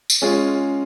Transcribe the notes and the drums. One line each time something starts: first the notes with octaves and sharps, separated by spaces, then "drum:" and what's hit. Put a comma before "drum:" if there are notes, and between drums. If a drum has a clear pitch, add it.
drum: tambourine
G#3 C#4 F4 G#4